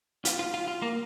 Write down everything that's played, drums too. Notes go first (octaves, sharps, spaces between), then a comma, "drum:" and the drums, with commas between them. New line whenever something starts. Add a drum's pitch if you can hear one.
F4, drum: hi-hat
F4
F4
F4
A#3